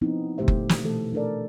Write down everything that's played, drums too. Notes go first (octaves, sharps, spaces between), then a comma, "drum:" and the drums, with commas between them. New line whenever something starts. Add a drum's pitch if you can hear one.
F3 B3 C4 D#4 E4
A#2 D3 A3 G4 C5 E5
drum: kick F#1
drum: snare
B2 E3 A3 A4
A3 D4 A4 A#4 D5